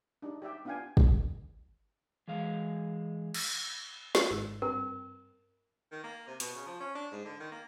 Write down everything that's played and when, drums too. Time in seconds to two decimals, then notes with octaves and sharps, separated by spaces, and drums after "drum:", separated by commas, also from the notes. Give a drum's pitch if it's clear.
0.22 D4 D#4 G4
0.42 G4 D5 E5 G5
0.65 B3 D4 F4 F5 G5 G#5
0.97 drum: kick
2.28 E3 G#3 F5
3.34 drum: cymbal
4.15 drum: snare
4.30 G#1 G#2 E6
4.62 G2 C4 A#4
5.92 D#3
6.03 A#3
6.27 C3
6.40 B2, drum: hi-hat
6.55 C#3
6.66 F3
6.80 C#4
6.95 D4
7.12 G#2
7.25 D3
7.40 D#3
7.51 A#3